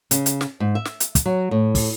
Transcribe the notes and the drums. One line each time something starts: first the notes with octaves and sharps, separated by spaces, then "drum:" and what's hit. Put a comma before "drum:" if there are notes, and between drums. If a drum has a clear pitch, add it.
C#3, drum: hi-hat
drum: hi-hat
drum: snare
G#2
E5
drum: snare
drum: hi-hat
drum: kick, hi-hat
F#3
A2
drum: kick, open hi-hat